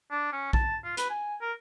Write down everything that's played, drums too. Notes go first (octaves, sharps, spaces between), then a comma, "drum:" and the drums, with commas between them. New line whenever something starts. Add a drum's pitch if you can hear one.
D4
C#4
A5, drum: kick A#1
F4
B4, drum: hi-hat
G#5
A#4